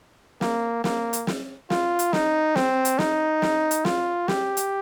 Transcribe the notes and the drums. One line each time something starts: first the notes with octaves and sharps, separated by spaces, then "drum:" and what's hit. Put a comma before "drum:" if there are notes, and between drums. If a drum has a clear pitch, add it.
A#3, drum: snare
A#3, drum: snare
drum: hi-hat
drum: snare
F4, drum: snare
drum: hi-hat
D#4, drum: snare
C4, drum: snare
drum: hi-hat
D#4, drum: snare
drum: snare
drum: hi-hat
F4, drum: snare
G4, drum: snare
drum: hi-hat